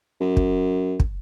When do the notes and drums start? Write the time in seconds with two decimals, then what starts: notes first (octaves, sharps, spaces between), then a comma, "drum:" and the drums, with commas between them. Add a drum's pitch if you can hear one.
0.21 F#2
0.37 drum: kick
1.00 drum: kick